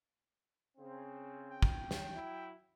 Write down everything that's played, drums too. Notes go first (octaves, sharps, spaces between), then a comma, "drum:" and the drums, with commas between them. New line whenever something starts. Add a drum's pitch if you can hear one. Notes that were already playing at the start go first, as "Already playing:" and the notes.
C#3 C4
G5
drum: kick
drum: snare
F#3 E4